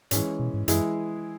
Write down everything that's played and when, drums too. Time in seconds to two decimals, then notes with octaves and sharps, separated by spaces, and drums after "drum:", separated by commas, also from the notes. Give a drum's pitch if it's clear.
0.11 G#2 E3 G#3 C#4, drum: hi-hat
0.39 B2
0.54 G#2
0.68 F#2 E3 G#3 E4 G#4, drum: hi-hat